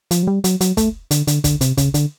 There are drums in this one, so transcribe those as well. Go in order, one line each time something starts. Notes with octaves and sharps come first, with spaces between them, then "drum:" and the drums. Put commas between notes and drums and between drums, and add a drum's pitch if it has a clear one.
F3, drum: hi-hat
F#3
G3
F#3, drum: hi-hat
F#3, drum: hi-hat
A3, drum: kick, hi-hat
D3, drum: hi-hat
D3, drum: hi-hat
D3, drum: kick, hi-hat
C3, drum: hi-hat
C#3, drum: kick, hi-hat
D3, drum: hi-hat